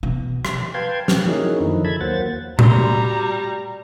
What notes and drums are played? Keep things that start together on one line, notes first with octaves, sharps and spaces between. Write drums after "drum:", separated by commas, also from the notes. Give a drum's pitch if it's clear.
B2
drum: rim click
B4 F5 G5 A5 C6 G#6
F6 F#6, drum: snare
A#3 C#4 D#4 E4 F#4 G#4
F#2 D3 D#3 F3 D#4 E4
A4 A5 B5 G#6
D#2 F#3 A#3 C5 F#5 A6
G3 F#4 D5 A#5 C6, drum: tom A2